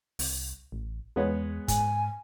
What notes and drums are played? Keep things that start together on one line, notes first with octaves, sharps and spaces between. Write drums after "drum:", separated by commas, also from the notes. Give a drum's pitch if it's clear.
C2, drum: open hi-hat
A1
E2 G#3 B3 C#5
G#2 G#5, drum: kick, hi-hat